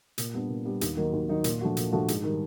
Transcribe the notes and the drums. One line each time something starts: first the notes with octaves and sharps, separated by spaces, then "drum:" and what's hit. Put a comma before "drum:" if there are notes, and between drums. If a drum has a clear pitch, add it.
A#2, drum: hi-hat
G3 B3 D4
A#2
G3 B3 D4
D#2, drum: hi-hat
D#3 F#3 A#3 D#4
D#2
D#3 F#3 A#3 D#4
A#2, drum: hi-hat
F3 A3 D4 F#4
A#2, drum: hi-hat
F3 A3 D4 F#4
G#2, drum: hi-hat
D#3 G3